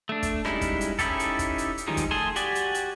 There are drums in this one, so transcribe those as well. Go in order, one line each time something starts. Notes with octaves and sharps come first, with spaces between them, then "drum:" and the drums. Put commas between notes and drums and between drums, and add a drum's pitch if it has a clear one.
A3 D4
drum: kick, hi-hat
G3 G#3 C#4 D#4 E4, drum: rim click
drum: kick, hi-hat
drum: hi-hat
C#4 D#4 E4 G4 A4, drum: kick, hi-hat
drum: hi-hat
drum: kick, hi-hat
drum: hi-hat
drum: hi-hat
D#3 F3 G3 G#3 D#4
drum: kick, hi-hat
A3 G#4 G#5 A5 C6
F#4 G4 D5 G#5, drum: hi-hat
drum: hi-hat
drum: hi-hat